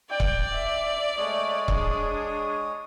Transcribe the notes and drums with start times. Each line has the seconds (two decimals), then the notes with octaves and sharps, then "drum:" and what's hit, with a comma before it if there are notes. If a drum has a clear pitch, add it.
0.10 D5 G5
0.20 drum: kick C#1
0.54 E5
1.17 G#3 A3 C#5 D#6
1.68 D4 G#4, drum: kick C#1